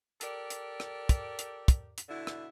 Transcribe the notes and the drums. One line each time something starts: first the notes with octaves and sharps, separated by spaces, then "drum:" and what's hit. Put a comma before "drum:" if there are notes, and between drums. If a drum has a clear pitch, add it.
G4 A4 A#4 D5, drum: hi-hat
drum: hi-hat
drum: rim click
drum: kick, hi-hat
drum: hi-hat
drum: kick, hi-hat
drum: hi-hat
B2 D3 E4
drum: rim click